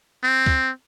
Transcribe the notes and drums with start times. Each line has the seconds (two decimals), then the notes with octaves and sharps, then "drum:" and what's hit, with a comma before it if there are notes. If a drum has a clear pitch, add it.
0.24 C4
0.46 drum: kick C#2